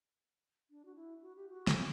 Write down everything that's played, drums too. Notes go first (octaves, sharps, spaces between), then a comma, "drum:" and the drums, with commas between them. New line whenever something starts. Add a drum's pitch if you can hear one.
D4
F#4
E4
F#4
G4
F#4
drum: snare